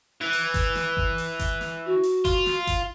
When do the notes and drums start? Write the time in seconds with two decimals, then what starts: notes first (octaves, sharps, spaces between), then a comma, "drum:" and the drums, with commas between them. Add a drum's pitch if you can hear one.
0.21 E3
0.33 drum: open hi-hat
0.54 drum: kick G1, hi-hat
0.76 drum: snare
0.97 drum: kick G1
1.18 drum: open hi-hat
1.39 drum: kick G1, hi-hat
1.61 drum: snare
1.86 F#4
2.03 drum: open hi-hat
2.25 F4, drum: kick G1, hi-hat
2.46 drum: snare
2.67 drum: kick G1, hi-hat